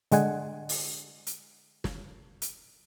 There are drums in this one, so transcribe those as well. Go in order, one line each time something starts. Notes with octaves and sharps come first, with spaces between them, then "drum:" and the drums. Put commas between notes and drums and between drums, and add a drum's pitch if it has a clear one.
D3 G#3 F#5 G#5, drum: hi-hat
drum: open hi-hat
drum: hi-hat
drum: snare
drum: hi-hat